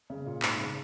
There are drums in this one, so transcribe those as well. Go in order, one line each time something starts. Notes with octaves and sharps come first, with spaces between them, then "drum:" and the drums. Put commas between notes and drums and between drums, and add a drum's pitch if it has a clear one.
C#3
A#2
G#2, drum: clap
C#3